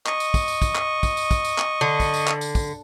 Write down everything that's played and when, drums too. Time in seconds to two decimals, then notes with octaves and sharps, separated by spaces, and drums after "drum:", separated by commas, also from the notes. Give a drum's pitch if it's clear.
0.06 D#5 C#6, drum: clap
0.20 drum: tambourine
0.34 drum: kick, tambourine
0.48 drum: tambourine
0.62 drum: kick, tambourine
0.75 drum: clap
1.03 drum: kick, tambourine
1.17 drum: tambourine
1.31 drum: kick, tambourine
1.45 drum: tambourine
1.58 drum: clap
1.81 D3
2.00 drum: kick, tambourine
2.14 drum: tambourine
2.27 drum: clap
2.41 drum: tambourine
2.55 drum: kick, tambourine